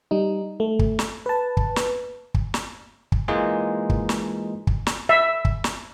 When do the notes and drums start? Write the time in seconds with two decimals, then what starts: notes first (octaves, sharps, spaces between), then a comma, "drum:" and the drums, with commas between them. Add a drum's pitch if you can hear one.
0.11 G3 D#4
0.60 A3
0.79 drum: kick
0.99 drum: snare
1.26 B4 A5
1.57 drum: kick
1.76 drum: snare
2.34 drum: kick
2.54 drum: snare
3.12 drum: kick
3.28 E3 G#3 A#3 D#4 F4 G#4
3.90 drum: kick
4.09 drum: snare
4.67 drum: kick
4.87 drum: snare
5.09 E5
5.45 drum: kick
5.64 drum: snare